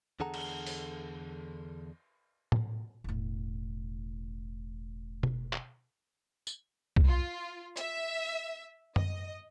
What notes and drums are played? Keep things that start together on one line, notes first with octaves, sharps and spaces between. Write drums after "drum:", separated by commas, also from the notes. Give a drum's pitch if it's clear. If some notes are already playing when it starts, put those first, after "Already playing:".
E2 D3 G#4 A4 F#5 A#5
drum: cymbal
drum: open hi-hat
drum: tom A2
E1 A2
drum: tom B2
drum: clap
drum: tambourine
drum: kick
F4
E5, drum: hi-hat
D#5, drum: tom F#2